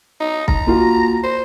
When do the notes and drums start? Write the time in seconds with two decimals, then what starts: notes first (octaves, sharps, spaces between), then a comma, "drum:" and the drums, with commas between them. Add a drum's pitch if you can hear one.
0.20 D#4
0.48 A#5, drum: kick B1
0.67 A#3 F4 F#4
1.23 C5